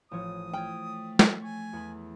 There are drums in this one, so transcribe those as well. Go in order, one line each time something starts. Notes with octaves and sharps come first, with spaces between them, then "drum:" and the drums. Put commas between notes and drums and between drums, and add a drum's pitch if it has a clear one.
A1 F3 C#5 D#6
A3 G5 F6 G#6
drum: snare
G#5 C#6
E2 A4 B5